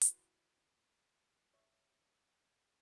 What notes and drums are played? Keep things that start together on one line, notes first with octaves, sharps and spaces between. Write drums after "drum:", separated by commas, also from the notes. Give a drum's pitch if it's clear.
E4 F#4 B4, drum: hi-hat
C#5 E5